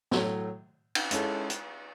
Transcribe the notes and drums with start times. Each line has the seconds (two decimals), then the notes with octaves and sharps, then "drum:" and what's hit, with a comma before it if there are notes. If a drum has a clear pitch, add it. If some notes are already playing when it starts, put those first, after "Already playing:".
0.11 A2 F#3 A3, drum: snare
0.95 drum: cymbal
1.11 G#3 C#4 E4 A4, drum: hi-hat
1.50 drum: hi-hat